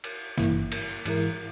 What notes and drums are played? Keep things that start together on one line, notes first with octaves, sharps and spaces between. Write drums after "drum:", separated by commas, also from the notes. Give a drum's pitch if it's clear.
drum: cymbal
G#1 G2 E3 A#3 E4, drum: snare
drum: cymbal
G#2 E3 G#3 E4 A#4, drum: cymbal